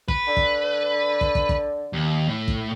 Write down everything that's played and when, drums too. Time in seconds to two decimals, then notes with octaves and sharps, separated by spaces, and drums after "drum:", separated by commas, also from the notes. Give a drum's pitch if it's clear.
0.08 B4, drum: kick
0.27 D3
0.37 drum: kick
1.21 drum: kick
1.35 drum: kick
1.49 drum: kick
1.93 D#2
2.28 A2
2.48 drum: kick